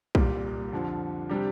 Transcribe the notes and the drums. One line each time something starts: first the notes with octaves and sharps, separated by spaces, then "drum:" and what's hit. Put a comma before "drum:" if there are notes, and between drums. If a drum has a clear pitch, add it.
C2 A#2 G3, drum: kick
F2 D3 F3
C3 G3 D4 G4